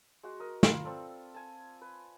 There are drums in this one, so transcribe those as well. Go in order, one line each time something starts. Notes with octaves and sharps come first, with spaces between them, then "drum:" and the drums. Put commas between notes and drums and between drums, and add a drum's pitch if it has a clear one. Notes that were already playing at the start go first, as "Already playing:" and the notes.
G#3 F#4
A#4 D#5
F4 B4 A#5, drum: snare
C4 A4 D5
G#5 A5
B4